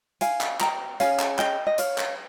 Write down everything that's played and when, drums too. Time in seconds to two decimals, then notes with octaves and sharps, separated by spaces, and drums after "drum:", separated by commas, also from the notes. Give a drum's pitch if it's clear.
0.21 F5 G#5, drum: hi-hat
0.41 drum: clap
0.61 G5 A#5, drum: clap
1.00 C#4 G#4 F5 G#5, drum: hi-hat
1.19 drum: clap
1.39 D#5 G5, drum: clap
1.67 D#5
1.78 C#5 F5, drum: hi-hat
1.98 drum: clap